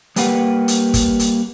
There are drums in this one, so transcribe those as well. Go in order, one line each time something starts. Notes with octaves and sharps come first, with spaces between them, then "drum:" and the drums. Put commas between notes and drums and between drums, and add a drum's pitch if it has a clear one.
G3 A#3 G4 B4 F#5, drum: hi-hat
drum: hi-hat
drum: kick G1, hi-hat
drum: hi-hat